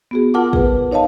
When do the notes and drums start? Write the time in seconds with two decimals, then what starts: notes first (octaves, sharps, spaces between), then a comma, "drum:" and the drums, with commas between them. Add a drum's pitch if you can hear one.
0.11 B3 F#4 G#4
0.34 F4 A#4 F#5 A5 D6
0.53 G#4 B4, drum: kick
0.91 D#4 C#5 D#5 F5 A5